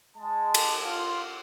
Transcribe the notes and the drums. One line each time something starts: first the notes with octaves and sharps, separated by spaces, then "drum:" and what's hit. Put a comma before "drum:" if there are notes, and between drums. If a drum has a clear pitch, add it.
G#3 A5
drum: cymbal
F4